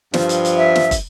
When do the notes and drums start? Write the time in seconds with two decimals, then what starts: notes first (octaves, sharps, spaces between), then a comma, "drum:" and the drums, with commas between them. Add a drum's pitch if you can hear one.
0.14 G2 F3, drum: snare
0.29 drum: hi-hat
0.45 drum: hi-hat
0.57 E5
0.76 drum: snare
0.91 drum: kick, hi-hat